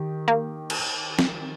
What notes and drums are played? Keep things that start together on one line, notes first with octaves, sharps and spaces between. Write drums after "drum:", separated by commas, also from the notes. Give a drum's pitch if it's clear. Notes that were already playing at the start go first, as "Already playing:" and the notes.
Already playing: D#3 G4
A#3
drum: cymbal
drum: snare